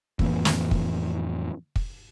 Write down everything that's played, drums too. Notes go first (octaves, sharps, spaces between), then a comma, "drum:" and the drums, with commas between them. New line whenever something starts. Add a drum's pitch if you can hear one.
F2 A2 E3 A#3, drum: kick
drum: snare
drum: kick
drum: kick